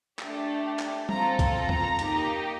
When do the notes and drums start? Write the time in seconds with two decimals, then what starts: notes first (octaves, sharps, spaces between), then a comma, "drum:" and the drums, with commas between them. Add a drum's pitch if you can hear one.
0.19 A3 D4 G4, drum: clap
0.79 drum: clap
1.09 C4 F4 A4 A#5, drum: tom G3
1.39 drum: kick, hi-hat
1.54 A#5
1.69 drum: tom E2
1.99 A#3 D#4 G4, drum: hi-hat